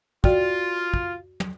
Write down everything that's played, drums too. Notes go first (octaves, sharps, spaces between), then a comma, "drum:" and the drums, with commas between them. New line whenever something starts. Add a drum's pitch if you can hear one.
F4 F#4 D5 G5, drum: kick
drum: kick
drum: tom